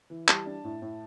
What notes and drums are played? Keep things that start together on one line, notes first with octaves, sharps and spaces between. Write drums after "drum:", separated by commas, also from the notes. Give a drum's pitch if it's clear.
E3
G3 A5, drum: clap
D4
A2
A2